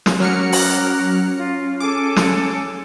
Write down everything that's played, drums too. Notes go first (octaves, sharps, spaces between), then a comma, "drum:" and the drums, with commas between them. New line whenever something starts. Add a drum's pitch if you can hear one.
drum: snare
F#3 C#4 A#4 D6 F6 F#6 C#7
drum: open hi-hat
F4
G#4 A4 G#5 D6
drum: snare